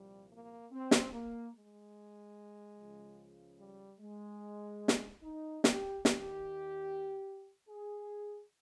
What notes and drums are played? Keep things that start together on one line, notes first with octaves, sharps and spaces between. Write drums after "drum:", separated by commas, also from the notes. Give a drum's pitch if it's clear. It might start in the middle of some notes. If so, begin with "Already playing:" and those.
Already playing: C2 A#2 F3 G3
A#3
C4
drum: snare
A#3
G#3
C#2 C#3 F3
G3
G#3
drum: snare
D#4
G4, drum: snare
D#2 D#3 G4, drum: snare
G#4